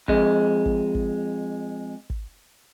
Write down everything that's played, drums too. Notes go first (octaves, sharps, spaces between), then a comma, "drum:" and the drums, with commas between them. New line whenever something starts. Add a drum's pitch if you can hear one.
F2 G#3, drum: kick
drum: kick
drum: kick
drum: kick